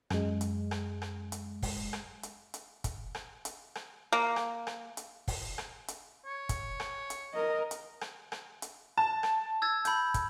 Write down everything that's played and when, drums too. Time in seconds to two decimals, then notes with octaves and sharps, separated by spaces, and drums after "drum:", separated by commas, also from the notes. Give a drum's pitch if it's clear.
0.10 F#2 G#3, drum: rim click
0.41 drum: hi-hat
0.71 drum: rim click
1.02 drum: rim click
1.32 drum: hi-hat
1.62 drum: kick, open hi-hat
1.93 drum: rim click
2.23 drum: hi-hat
2.54 drum: hi-hat
2.84 drum: kick, hi-hat
3.15 drum: rim click
3.45 drum: hi-hat
3.75 drum: rim click
4.12 A#3
4.36 drum: rim click
4.67 drum: rim click
4.97 drum: hi-hat
5.28 drum: kick, open hi-hat
5.58 drum: rim click
5.88 drum: hi-hat
6.26 C#5
6.49 drum: kick, hi-hat
6.80 drum: rim click
7.10 drum: hi-hat
7.33 A#4 D#5
7.71 drum: hi-hat
8.01 drum: rim click
8.32 drum: rim click
8.62 drum: hi-hat
8.97 A5
9.23 drum: rim click
9.62 E6 G#6 A6
9.85 B5 G6, drum: hi-hat
10.14 drum: kick, hi-hat